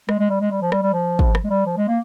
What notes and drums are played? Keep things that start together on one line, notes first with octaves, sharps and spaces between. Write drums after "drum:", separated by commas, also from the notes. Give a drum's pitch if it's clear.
G#3, drum: rim click
G#3
G3
G#3
G3
F3
G3, drum: rim click
G3
F3
drum: kick
drum: rim click
G#3
G3
F3
G#3
A#3